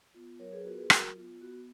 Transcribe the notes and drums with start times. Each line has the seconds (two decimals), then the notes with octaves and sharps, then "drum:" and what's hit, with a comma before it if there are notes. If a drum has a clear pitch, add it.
0.14 B3 F4
0.39 F#3 A#4 C#5
0.52 G#4 B4
0.65 B3 F4 F#4 A#4
0.78 G#4 B4
0.90 F#3 F#4 A#4, drum: rim click
1.16 B3 F4
1.41 B3 F#4